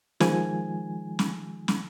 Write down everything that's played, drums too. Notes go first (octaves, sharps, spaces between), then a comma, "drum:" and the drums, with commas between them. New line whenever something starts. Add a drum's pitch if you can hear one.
D#3 F3 G#3 G#5, drum: snare
drum: snare
drum: snare